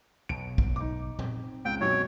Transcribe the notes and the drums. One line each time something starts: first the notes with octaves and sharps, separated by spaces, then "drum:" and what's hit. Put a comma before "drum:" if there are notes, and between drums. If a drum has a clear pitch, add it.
B1 B2 D7
drum: kick
D#4 D6
C4, drum: tom A#2
C#2 G5
F#2 B2 C#5